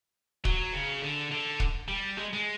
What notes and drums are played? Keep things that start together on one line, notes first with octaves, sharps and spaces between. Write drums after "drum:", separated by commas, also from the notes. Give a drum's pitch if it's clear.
F#3, drum: kick
C#3
D3
D3
drum: kick
G3
G#3
G#3